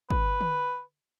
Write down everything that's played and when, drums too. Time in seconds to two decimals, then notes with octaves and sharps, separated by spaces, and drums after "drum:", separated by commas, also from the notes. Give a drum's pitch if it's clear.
0.10 B4, drum: kick
0.41 drum: tom